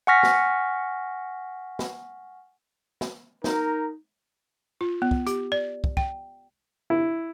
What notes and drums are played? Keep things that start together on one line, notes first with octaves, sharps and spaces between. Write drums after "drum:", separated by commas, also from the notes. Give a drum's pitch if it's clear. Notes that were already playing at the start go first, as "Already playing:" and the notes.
F#5 G#5 C#6 F6 A#6 B6
drum: snare
drum: snare
drum: snare
D#4 A#4, drum: snare
F4
B3
drum: kick
G4, drum: hi-hat
D5
drum: kick
G5, drum: kick
E4